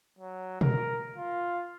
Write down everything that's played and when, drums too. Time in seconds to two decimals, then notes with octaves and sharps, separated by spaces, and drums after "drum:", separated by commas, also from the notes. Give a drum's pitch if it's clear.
0.19 F#3
0.61 A#4, drum: tom
1.16 F4